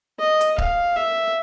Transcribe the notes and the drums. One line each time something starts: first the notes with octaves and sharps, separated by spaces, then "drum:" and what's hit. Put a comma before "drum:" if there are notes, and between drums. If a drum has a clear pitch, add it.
D#5
drum: hi-hat
F5, drum: kick C#1
E5